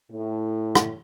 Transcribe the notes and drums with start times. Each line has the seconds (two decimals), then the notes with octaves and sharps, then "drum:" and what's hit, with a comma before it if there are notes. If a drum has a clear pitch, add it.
0.10 A2
0.75 drum: rim click